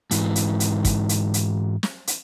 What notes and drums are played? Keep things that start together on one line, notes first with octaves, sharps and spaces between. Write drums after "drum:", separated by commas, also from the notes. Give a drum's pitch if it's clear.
G#2 E3, drum: hi-hat
drum: hi-hat
drum: hi-hat
drum: kick, hi-hat
drum: hi-hat
drum: hi-hat
drum: snare
drum: hi-hat